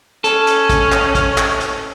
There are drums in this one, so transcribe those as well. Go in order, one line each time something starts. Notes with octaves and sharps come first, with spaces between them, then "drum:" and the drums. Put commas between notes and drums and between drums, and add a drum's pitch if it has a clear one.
C#4 A4, drum: hi-hat
drum: hi-hat
drum: kick, hi-hat
drum: clap
drum: kick, hi-hat
drum: clap
drum: hi-hat